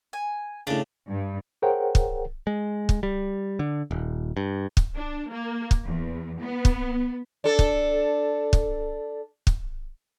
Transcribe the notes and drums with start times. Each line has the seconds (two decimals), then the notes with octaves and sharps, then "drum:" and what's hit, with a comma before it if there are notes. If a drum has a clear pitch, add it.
0.13 G#5
0.67 A2 C#3 D4
1.09 G2
1.62 G#4 A#4 C5 C#5 F#5 G5
1.95 drum: kick
2.47 G#3
2.89 drum: kick
3.03 G3
3.59 D3
3.91 D#1
4.37 G2
4.77 drum: kick
4.95 D4
5.29 A#3
5.71 drum: kick
5.84 E2
6.41 B3
6.65 drum: kick
7.44 D4 A4
7.59 drum: kick
8.53 drum: kick
9.47 drum: kick